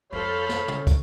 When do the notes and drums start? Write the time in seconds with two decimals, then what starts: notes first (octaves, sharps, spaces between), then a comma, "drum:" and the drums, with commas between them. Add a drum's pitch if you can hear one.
0.13 F2 A4 C5 C#5 F5 B5
0.49 drum: snare
0.68 C#3, drum: tom
0.87 drum: kick, hi-hat